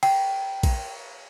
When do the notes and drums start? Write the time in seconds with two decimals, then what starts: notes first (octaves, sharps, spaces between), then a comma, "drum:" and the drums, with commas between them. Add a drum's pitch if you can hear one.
0.03 G5, drum: cymbal
0.63 drum: kick A#1, cymbal